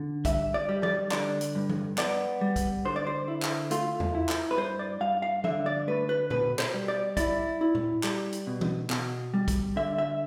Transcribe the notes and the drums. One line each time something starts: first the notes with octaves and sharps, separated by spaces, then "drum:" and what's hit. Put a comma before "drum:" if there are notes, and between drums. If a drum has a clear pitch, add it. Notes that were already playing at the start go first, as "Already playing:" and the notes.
Already playing: D3
G2 E5, drum: kick, hi-hat
D5
G3
D5, drum: tom F3
D3 D5, drum: clap
drum: hi-hat
G2
drum: tom F3
B3 D5, drum: clap
G3
drum: kick, hi-hat
D3 C5
D5
C5
E4
drum: clap
A3 F4, drum: hi-hat
drum: tom E2
E4
drum: clap
B4
G2 C5
D5
G2 F5
F5
D3 E5, drum: tom F3
D5
A3 B4
B4
B2 B4, drum: tom A#2
C5, drum: clap
G3
D5
E4 D5, drum: kick, hi-hat
E4
drum: tom A#2
G3, drum: clap
drum: hi-hat
B2
drum: tom E3
B2, drum: clap
G3
drum: kick, hi-hat
D3 E5
E5